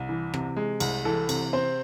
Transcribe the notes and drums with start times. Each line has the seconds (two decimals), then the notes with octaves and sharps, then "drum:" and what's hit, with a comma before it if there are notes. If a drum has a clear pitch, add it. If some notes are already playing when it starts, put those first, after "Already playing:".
Already playing: C2
0.09 E3
0.34 C3, drum: rim click
0.56 G#3
0.80 C2, drum: cymbal
1.05 E3 A4
1.29 C3, drum: cymbal
1.53 C4 C5